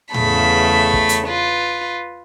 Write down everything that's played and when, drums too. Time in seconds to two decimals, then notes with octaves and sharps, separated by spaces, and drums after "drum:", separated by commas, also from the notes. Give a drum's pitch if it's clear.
0.14 E2 C#3 A3 B5, drum: tom A2
0.94 drum: kick
1.09 drum: hi-hat
1.28 F4 B4